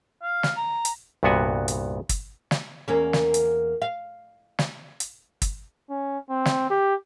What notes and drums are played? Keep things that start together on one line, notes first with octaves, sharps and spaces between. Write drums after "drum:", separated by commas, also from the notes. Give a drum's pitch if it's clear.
F5
drum: snare
A#5
drum: hi-hat
C2 G2 A#2 B3 F#4 G#5
drum: hi-hat
drum: kick, hi-hat
drum: snare
E2 A#3 C#4
drum: snare
drum: hi-hat
F5
drum: snare
drum: hi-hat
drum: kick, hi-hat
C#4
C4
drum: snare
G4